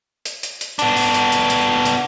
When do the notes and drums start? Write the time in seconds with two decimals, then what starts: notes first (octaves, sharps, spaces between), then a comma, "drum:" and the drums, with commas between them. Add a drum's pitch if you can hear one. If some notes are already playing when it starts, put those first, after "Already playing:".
0.25 drum: hi-hat
0.43 drum: hi-hat
0.61 drum: hi-hat
0.79 B3 D4, drum: hi-hat
0.97 drum: open hi-hat
1.14 drum: hi-hat
1.32 drum: hi-hat
1.50 drum: hi-hat
1.85 drum: hi-hat